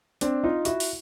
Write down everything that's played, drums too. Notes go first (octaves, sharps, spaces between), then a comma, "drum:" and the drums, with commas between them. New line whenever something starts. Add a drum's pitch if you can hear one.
C4 D4, drum: hi-hat
D#4 F4
E4 F#4, drum: hi-hat
drum: open hi-hat